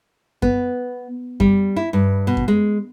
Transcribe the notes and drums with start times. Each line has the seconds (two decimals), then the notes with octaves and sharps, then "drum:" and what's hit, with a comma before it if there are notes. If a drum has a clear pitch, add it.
0.42 B3, drum: kick F#2
1.40 G3, drum: kick F#2
1.76 E4
1.93 G2
2.27 B2
2.37 drum: kick F#2
2.48 G#3